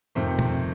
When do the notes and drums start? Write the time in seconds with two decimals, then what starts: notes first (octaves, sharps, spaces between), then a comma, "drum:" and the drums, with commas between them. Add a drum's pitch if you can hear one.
0.15 F2 C3 D#3 A3 C5
0.39 drum: tom